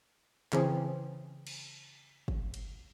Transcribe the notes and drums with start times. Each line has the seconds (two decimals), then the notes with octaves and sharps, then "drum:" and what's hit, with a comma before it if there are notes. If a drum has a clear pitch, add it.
0.52 C#3 E3 C4 C#4 G#4, drum: clap
1.47 drum: cymbal
2.28 drum: kick
2.54 drum: cymbal